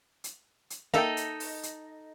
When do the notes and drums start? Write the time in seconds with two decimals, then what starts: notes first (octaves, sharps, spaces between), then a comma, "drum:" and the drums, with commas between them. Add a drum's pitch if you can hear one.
0.24 drum: hi-hat
0.70 drum: hi-hat
0.94 A#3 D#4 A4 D#5 E5 G5
1.17 drum: hi-hat
1.40 drum: open hi-hat
1.63 drum: hi-hat